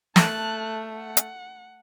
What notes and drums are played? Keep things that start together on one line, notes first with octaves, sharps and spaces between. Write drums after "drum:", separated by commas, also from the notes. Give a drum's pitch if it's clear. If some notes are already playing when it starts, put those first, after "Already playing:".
A3 A5 F#6, drum: snare
F#5
drum: hi-hat